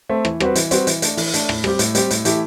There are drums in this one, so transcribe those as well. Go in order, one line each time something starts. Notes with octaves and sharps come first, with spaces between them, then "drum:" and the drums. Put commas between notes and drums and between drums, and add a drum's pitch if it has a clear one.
A3 C4
E3, drum: rim click
G3 C4 F#4 B4, drum: rim click
E3, drum: hi-hat
G3 C4 F#4 B4, drum: hi-hat
E3, drum: hi-hat
A3 D4, drum: hi-hat
E3, drum: open hi-hat
A3 D4, drum: hi-hat
A2, drum: rim click
G3 C4 G4, drum: rim click
A2, drum: hi-hat
G3 C4 G4, drum: hi-hat
A2, drum: hi-hat
E3 A3 E4 G4, drum: hi-hat